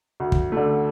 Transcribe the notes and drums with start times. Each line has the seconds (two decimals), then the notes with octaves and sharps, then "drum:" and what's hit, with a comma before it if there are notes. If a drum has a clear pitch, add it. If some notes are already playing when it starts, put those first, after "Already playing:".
0.20 D2
0.32 drum: kick
0.52 D3 A3